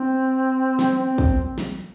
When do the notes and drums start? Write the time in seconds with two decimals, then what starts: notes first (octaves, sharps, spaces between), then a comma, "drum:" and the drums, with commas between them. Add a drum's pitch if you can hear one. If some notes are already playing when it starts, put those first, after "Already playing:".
Already playing: C4
0.79 drum: snare
0.98 C4
1.18 drum: kick
1.58 drum: snare